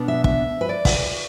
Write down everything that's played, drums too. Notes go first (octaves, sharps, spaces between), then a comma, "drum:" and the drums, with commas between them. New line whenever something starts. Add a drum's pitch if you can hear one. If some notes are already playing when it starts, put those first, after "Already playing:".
Already playing: B2 B3 D4
E5
E5, drum: kick
B4
D5
drum: kick, open hi-hat